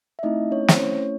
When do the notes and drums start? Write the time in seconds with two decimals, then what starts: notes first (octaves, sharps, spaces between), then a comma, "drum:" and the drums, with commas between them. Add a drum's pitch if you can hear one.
0.19 E5
0.23 A3 C4 D#4 E4 D#5
0.51 C#4 C#5
0.68 C5, drum: snare
0.79 C#4 C#5